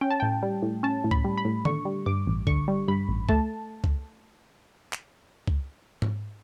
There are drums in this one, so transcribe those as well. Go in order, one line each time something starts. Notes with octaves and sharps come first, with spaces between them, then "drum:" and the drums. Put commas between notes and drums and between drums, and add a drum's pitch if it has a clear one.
C#4 G5
A5
A2 G5
G3
A2
C#4 A5
A2
B5, drum: kick
G3
B5
A2
D3 C#6, drum: tom D#3
G3
G2 D6
A1
D3 C#6, drum: kick
G3
G2 B5
A1
A3 A5, drum: kick
drum: kick
drum: clap
drum: kick
drum: tom G#2